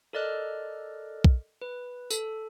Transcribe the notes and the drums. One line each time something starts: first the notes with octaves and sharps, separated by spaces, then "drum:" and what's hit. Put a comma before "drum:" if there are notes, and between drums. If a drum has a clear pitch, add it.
A4 A#4 D5 D#5 F6 F#6
drum: kick
B4
A4, drum: tambourine